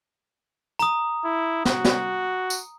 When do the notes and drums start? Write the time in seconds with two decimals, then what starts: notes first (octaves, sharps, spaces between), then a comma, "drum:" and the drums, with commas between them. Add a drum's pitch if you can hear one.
0.79 A#5 D#6, drum: hi-hat
1.25 E4
1.65 F#4, drum: snare
1.84 drum: snare
2.50 drum: tambourine